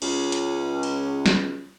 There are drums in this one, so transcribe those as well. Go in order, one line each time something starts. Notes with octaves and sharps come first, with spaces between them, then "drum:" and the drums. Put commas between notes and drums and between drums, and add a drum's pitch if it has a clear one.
C#2 C#4, drum: cymbal
drum: hi-hat
drum: cymbal
drum: snare